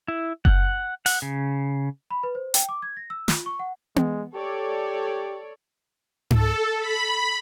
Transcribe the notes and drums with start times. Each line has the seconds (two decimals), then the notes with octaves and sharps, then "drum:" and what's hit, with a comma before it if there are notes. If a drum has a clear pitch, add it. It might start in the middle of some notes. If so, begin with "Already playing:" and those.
0.08 E4
0.45 F#5, drum: kick F#1
1.06 F#5, drum: open hi-hat
1.22 C#3
2.11 B5
2.23 B4
2.35 C5
2.54 G5, drum: hi-hat
2.69 D6
2.82 G#6
2.97 A#6
3.10 E6
3.28 F4, drum: snare
3.46 C#6
3.59 F#5
3.96 G#3, drum: tom B3
4.35 G4 A4 C#5 D5
6.31 A4, drum: tom G#2
6.79 B5